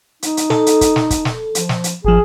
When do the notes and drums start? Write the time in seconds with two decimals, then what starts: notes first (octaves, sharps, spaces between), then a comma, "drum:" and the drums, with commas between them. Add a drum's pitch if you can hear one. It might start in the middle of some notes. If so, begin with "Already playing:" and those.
0.22 D#4, drum: hi-hat
0.37 drum: hi-hat
0.50 A4, drum: snare
0.66 drum: hi-hat
0.81 drum: kick, hi-hat
0.96 drum: snare
1.10 drum: kick, hi-hat
1.25 drum: snare
1.55 F3, drum: hi-hat
1.69 drum: snare
1.84 drum: hi-hat
2.05 G#1 F3 G#4